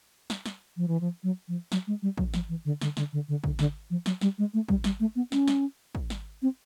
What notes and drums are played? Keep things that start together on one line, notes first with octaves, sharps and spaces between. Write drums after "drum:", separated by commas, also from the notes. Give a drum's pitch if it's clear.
drum: snare
drum: snare
F3
E3
F3
F#3
F3
F#3, drum: snare
G#3
G3
F#3, drum: kick
F3, drum: snare
E3
D3
D3, drum: snare
D3, drum: snare
D3
D3
D3, drum: kick
D3, drum: snare
F3
F#3, drum: snare
G3, drum: snare
G#3
A3
G3, drum: kick
G3, drum: snare
A3
B3
C#4, drum: snare
drum: snare
drum: kick
drum: snare
C4